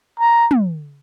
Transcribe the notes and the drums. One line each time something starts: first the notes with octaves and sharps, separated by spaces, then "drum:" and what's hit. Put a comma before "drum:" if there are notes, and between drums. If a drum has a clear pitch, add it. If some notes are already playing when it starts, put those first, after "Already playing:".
A#5
drum: tom